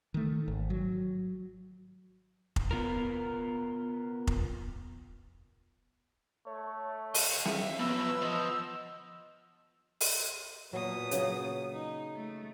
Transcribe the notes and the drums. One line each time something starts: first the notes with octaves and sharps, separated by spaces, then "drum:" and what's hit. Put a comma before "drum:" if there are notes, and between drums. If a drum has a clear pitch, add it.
D#3 A3
G#1
F#3
drum: kick F1
B3 F4 A#4
drum: kick F1
A3 C#5
D#5 F5 C#7, drum: open hi-hat
E5, drum: snare
F3 F#3 B3 B4 E6
F3 D#5
drum: open hi-hat
A#2 F#3 B3 D#6
C#3 F#3, drum: hi-hat
D#4
A3